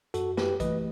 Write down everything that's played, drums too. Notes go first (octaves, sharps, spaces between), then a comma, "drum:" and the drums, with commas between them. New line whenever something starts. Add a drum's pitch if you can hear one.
F#2 F#4 A4, drum: hi-hat
G4 B4, drum: snare
E3 A3 B4 D#5, drum: kick A1, hi-hat